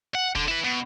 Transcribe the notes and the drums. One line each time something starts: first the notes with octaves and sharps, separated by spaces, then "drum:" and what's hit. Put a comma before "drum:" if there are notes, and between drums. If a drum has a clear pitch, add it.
F#5
D3, drum: kick
E4 B4
B2